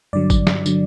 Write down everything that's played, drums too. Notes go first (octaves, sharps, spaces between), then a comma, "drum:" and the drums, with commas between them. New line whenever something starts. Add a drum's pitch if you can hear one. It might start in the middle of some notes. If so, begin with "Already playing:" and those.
G2 D3 F#3 D5
drum: kick, tambourine
drum: snare
D3 F#3, drum: tambourine